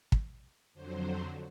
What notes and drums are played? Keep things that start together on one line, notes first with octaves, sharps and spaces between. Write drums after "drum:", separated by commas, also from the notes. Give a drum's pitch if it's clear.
drum: kick
F2 D3 F#3 C5